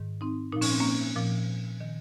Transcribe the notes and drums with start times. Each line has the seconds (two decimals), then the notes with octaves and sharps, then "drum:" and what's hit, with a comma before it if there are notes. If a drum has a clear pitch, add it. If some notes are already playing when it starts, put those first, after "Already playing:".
Already playing: G#2 D#3
0.21 C4 D#4
0.52 A#2 F3 D#4
0.61 C#4, drum: open hi-hat
0.71 C4
0.80 A#3 C#4
1.16 A#2 F3
1.81 D#3